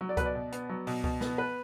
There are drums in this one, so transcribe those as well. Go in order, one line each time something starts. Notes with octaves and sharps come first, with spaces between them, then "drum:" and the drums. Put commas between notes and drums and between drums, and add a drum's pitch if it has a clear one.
F#3
D5
B2 B4, drum: kick C#2, hi-hat
D5
B2
B3, drum: hi-hat
F#3
B2, drum: open hi-hat
B2, drum: kick C#2
B3, drum: snare
B4